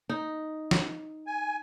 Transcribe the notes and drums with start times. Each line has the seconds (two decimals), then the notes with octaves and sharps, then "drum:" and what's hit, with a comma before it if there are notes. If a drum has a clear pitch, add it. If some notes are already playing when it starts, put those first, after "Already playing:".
0.09 D#4
0.71 drum: snare
1.27 G#5